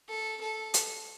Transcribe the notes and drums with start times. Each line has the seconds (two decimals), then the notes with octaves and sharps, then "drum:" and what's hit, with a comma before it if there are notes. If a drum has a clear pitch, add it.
0.09 A4
0.41 A4
0.74 drum: hi-hat